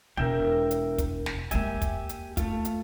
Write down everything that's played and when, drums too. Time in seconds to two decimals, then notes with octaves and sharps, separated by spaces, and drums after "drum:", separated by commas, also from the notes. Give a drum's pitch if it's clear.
0.17 E1 A#4 E5 G5
0.71 drum: hi-hat
0.98 drum: kick, hi-hat
1.26 drum: snare
1.51 G#3 A#3 G4 E5 G#5, drum: hi-hat
1.82 drum: kick, hi-hat
2.09 drum: hi-hat
2.37 A3 F4, drum: kick, hi-hat
2.65 drum: hi-hat